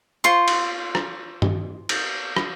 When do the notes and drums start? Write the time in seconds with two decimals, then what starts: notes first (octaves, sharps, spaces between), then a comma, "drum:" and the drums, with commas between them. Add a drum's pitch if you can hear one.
0.24 F4 C5 C6 C#6
0.48 drum: cymbal
0.95 drum: rim click
1.42 drum: tom G2
1.89 drum: cymbal
2.37 drum: rim click